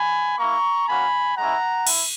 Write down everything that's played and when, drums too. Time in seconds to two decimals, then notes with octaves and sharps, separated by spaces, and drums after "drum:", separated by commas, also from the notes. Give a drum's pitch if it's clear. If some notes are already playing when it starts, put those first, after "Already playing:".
Already playing: G#5 B5
0.38 A#3 E4 A#5 C#6
0.88 A#3 C#4 F#4 G#5 B5
1.37 G#3 C#4 E4 F#5 A#5
1.87 E4, drum: cymbal